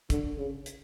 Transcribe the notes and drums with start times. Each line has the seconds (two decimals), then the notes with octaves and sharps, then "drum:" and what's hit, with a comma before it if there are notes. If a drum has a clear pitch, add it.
0.10 D3, drum: kick, hi-hat
0.37 C#3
0.66 drum: hi-hat